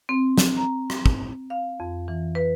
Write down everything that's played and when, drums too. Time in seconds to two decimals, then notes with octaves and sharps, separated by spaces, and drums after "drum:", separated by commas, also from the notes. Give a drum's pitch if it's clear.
0.09 C4
0.38 drum: snare
0.57 A#5
0.90 drum: rim click
1.06 drum: kick
1.50 F5
1.80 F2
2.08 E3
2.35 B4